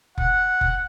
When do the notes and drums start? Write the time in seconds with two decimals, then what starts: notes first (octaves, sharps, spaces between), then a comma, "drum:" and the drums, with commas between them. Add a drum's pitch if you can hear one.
0.18 F#5, drum: kick F1
0.61 drum: kick F1